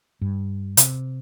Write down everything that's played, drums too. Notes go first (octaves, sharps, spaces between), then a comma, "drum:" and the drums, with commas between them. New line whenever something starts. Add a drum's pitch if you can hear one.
G2
C3, drum: hi-hat